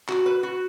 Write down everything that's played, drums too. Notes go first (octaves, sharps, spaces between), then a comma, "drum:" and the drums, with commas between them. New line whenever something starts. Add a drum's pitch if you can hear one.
F#4, drum: clap
B4
F#4